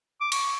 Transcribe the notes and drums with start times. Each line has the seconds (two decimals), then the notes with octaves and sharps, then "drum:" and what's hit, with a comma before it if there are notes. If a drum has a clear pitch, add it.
0.21 D6
0.32 C#6, drum: cymbal